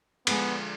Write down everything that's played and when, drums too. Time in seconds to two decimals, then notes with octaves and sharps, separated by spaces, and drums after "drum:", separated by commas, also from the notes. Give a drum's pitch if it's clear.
0.27 D3 F3 G#3 B3, drum: cymbal